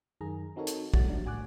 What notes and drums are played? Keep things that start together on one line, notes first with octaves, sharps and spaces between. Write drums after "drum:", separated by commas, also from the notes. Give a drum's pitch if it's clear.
F#2 D#3 G#4 A#5
C4 D#4 F#4 A4 A#4 C#5
drum: hi-hat
A#2 F#3 G3 A3 F#4 A6, drum: kick
F3 D4
A1 A2 F#4 G#5 D6 F#6